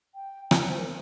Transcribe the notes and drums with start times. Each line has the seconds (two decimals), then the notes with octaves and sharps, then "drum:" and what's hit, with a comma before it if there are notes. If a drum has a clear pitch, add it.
0.15 G5
0.51 A5, drum: rim click
0.69 C5
0.79 A#4